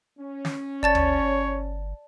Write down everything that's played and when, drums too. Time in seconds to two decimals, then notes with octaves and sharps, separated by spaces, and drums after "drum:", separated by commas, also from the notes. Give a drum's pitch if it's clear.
0.20 C#4
0.45 drum: snare
0.83 G1 C#5 D5 A5 A6
0.95 drum: tom D2